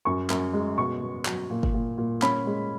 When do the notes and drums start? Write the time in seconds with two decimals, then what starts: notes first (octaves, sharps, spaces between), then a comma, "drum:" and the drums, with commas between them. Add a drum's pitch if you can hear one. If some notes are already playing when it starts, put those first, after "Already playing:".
0.05 F#2 C#6
0.30 F#2, drum: clap
0.53 G#3
0.78 B2 C#6
1.02 B2
1.25 F#3, drum: clap
1.50 A#2
1.63 drum: kick
1.74 A#2
1.98 A#2
2.22 C#4 B5, drum: clap
2.46 G#3